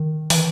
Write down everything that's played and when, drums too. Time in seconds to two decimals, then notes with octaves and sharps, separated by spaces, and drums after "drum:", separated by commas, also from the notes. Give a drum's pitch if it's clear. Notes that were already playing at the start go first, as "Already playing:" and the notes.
Already playing: D#3
0.30 E3, drum: open hi-hat